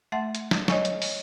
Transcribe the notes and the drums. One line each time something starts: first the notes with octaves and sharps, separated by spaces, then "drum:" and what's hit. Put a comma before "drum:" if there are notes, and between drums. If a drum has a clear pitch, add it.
A3 E5 F#5 C6 A6
drum: hi-hat
drum: snare
C#5 D#5 G#5 C#6, drum: snare
drum: hi-hat
drum: open hi-hat